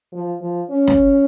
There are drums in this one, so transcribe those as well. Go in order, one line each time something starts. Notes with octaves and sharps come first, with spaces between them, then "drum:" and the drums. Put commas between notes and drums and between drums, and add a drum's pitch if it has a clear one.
F3
F3
C#4
drum: snare